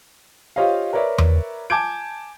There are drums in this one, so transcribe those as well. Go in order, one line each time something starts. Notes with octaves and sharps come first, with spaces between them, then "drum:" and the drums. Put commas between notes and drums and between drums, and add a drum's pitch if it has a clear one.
F4 G4 C5 C#5 D#5 F5
A#4 B4 C#5 D5 E5
drum: tom E2
G#5 A5 D6 G6 G#6 D7